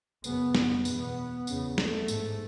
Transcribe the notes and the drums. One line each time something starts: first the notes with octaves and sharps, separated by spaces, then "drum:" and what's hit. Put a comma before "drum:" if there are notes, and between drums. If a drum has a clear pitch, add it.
F#2 C#3 B3, drum: tambourine
B3, drum: snare
E2 B2, drum: tambourine
E2 C#3, drum: tambourine
A3, drum: snare
G#2, drum: tambourine